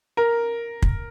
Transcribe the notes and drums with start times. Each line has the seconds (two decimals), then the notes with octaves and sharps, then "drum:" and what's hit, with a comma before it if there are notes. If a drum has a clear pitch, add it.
0.17 A#4
0.82 drum: kick